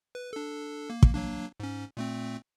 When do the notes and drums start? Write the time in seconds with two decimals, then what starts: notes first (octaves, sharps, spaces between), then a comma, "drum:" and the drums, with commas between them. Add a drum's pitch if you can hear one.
0.15 B4
0.33 D4 A4
0.90 A#3
1.03 drum: kick
1.14 F#3 A#3 D4
1.60 G#2 C#4
1.97 A#2 A3 C4